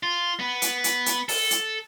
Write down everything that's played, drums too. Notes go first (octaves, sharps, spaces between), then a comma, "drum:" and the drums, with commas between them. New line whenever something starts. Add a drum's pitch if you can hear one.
F4
B3
drum: hi-hat
drum: hi-hat
drum: hi-hat
A4, drum: open hi-hat
drum: hi-hat